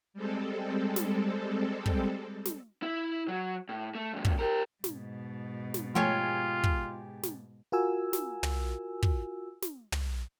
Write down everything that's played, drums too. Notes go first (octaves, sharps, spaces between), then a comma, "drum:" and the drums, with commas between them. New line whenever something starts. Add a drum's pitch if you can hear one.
G3 G#3 C4 A4
drum: snare
drum: kick
drum: snare
E4
F#3
A2
A3
D#2 G#2
drum: kick
G4 A#4
G#2 B2, drum: snare
drum: snare
F3 A3 F4 G4 G#4 C#5 G#5
drum: kick
drum: snare
F4 F#4 A#4 G#5 E6
drum: snare
drum: tom
drum: kick
drum: snare
drum: tom